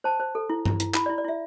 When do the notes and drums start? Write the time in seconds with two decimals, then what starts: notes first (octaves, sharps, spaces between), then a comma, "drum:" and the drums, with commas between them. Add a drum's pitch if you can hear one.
0.04 C5 A5
0.20 C5
0.35 A4
0.50 E4
0.65 E4, drum: tom G2
0.80 E4, drum: hi-hat
0.95 E4 B5, drum: clap
1.06 D5
1.09 E4
1.18 D5
1.25 E4 E5